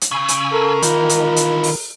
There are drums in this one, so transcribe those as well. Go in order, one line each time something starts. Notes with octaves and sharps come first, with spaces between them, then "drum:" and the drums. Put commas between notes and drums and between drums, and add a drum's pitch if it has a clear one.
drum: hi-hat
C#3 G#5 B5 E6
drum: hi-hat
A4 A#4
D#3 E3 D#4 F4, drum: hi-hat
drum: hi-hat
drum: hi-hat
drum: open hi-hat